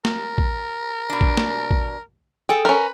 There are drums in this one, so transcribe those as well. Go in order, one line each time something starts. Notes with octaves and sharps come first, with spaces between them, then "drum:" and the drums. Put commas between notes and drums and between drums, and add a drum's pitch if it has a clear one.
A#4, drum: snare
drum: kick
B2 D4
drum: kick
drum: snare
drum: kick
G#4 A4 G5
C#4 A#4 B4